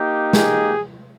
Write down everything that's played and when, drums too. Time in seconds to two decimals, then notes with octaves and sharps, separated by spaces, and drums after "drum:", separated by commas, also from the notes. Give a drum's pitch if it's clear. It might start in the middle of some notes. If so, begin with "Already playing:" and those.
Already playing: A#3 D#4 G4
0.33 G#4, drum: snare